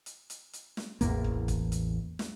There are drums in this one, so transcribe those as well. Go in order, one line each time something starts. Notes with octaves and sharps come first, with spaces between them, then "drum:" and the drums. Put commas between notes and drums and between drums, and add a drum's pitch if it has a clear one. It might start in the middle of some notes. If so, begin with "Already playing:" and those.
drum: hi-hat
drum: hi-hat
drum: hi-hat
drum: snare
A1 E2 A2 A#3, drum: hi-hat
drum: kick
drum: kick, hi-hat
drum: hi-hat
drum: snare